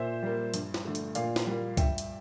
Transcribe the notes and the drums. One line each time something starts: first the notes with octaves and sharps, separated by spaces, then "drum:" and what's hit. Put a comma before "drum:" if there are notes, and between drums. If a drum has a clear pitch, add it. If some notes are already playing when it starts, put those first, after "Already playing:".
Already playing: A#2 C5 E5
G3 A#3
G2, drum: hi-hat
drum: snare
D3 A3
drum: hi-hat
A#2 D5 F5, drum: hi-hat
drum: snare
G3 A#3
G2 E5 G5, drum: kick C2, hi-hat
drum: hi-hat